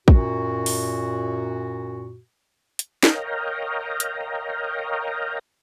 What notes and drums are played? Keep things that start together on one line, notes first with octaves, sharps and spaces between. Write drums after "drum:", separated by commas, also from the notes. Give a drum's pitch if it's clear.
F#2 A#2 F#4, drum: kick
drum: open hi-hat
drum: hi-hat
A#4 C#5 D#5 F5 G5 A#5, drum: snare
drum: hi-hat